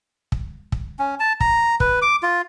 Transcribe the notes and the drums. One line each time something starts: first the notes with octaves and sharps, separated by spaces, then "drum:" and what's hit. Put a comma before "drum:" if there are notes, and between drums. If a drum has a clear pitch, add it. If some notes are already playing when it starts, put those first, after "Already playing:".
drum: kick
drum: kick
C#4
A5
A#5, drum: kick
B4, drum: kick
D6
F4